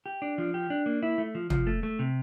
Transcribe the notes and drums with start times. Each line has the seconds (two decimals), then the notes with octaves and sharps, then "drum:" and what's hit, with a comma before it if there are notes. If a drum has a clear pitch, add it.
0.06 G4
0.22 D4
0.38 F3
0.54 G4
0.70 D4
0.86 A#3
1.03 E4
1.18 A3
1.35 F3
1.50 F3, drum: tom
1.67 A3
1.83 A3
1.99 C3